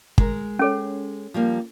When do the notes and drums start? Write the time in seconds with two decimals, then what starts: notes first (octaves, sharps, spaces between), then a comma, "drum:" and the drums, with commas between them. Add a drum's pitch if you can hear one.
0.18 G#3 A#4, drum: kick
0.59 C#4 A4 C#5
1.34 F3 G3 A#3